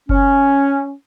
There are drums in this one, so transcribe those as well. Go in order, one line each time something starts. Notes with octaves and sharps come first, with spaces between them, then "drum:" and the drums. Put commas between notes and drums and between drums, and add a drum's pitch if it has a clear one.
C#4, drum: kick F#1